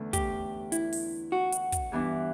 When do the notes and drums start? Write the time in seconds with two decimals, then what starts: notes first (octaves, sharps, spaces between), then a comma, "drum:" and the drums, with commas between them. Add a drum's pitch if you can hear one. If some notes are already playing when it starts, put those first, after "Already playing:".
Already playing: E2 D3 A3 C#4
0.13 G4, drum: kick, hi-hat
0.72 E4, drum: hi-hat
0.93 drum: open hi-hat
1.32 F#4
1.52 drum: hi-hat
1.72 drum: kick, hi-hat
1.92 G2 E3 B3 D4